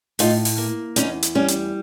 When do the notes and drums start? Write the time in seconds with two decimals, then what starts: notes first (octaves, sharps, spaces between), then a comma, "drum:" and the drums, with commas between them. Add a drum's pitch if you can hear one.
0.19 A2 D#4 F4, drum: open hi-hat
0.45 drum: open hi-hat
0.58 A#3
0.96 E2 C#4 D#4, drum: hi-hat
1.23 drum: hi-hat
1.35 G3 C#4
1.48 drum: hi-hat